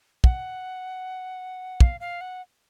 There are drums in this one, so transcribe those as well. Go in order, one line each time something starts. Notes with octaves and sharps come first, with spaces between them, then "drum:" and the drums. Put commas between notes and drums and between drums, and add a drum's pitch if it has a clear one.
F#5, drum: kick
F5, drum: kick
F5
F#5